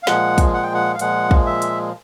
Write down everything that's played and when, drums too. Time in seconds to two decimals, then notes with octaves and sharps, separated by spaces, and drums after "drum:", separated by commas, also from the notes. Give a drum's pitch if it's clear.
0.03 F5
0.07 A#2 F3 G#3 F#5, drum: snare
0.38 drum: kick, hi-hat
0.54 F#5
0.63 G5
0.74 F#5
0.94 F5
0.99 A#2 F3 G#3 F#5, drum: hi-hat
1.31 drum: kick
1.46 E5
1.62 drum: hi-hat